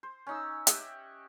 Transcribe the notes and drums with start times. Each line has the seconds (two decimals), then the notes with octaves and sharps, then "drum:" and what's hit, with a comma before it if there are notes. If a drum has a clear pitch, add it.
0.03 C5
0.27 C#4 D#4 E6
0.67 G4 D#5 E5 F#5, drum: hi-hat